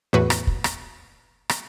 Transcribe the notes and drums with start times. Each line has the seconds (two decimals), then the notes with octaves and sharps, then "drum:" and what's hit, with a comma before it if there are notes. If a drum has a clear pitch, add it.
0.13 E2 A2 F#4 B4
0.30 drum: rim click
0.47 drum: kick
0.64 drum: rim click
1.49 drum: rim click